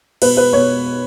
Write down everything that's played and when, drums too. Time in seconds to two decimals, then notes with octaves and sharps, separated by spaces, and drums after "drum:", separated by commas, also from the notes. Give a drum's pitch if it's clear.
0.22 B2 B4, drum: cymbal
0.37 B4
0.53 B2 C#5